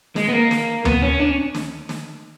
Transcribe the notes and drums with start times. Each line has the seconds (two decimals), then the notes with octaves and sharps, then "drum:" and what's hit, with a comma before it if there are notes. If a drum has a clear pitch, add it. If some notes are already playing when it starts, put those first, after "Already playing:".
0.16 G#3, drum: snare
0.29 B3
0.33 A#3
0.51 drum: snare
0.85 B3, drum: tom D2
1.02 C#4
1.20 D4
1.30 C#4
1.55 drum: snare
1.89 drum: snare